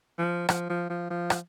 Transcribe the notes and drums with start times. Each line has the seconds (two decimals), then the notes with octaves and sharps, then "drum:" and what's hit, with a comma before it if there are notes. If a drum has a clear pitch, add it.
0.18 F3
0.49 F3, drum: rim click
0.70 F3
0.90 F3
1.10 F3
1.30 drum: rim click